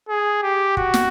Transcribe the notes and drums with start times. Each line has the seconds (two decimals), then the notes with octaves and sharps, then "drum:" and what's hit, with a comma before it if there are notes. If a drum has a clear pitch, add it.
0.09 G#4
0.42 G4
0.77 F#4, drum: kick
0.94 drum: snare